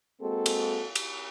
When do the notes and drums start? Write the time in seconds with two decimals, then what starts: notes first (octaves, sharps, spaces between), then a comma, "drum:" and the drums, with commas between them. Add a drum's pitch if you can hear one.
0.21 G#3 A#3 C4 F#4 A4
0.46 drum: cymbal
0.95 drum: cymbal